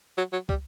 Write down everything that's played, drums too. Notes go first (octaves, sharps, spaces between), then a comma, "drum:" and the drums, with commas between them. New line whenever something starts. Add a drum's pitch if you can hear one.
F#3
F#3
G3, drum: kick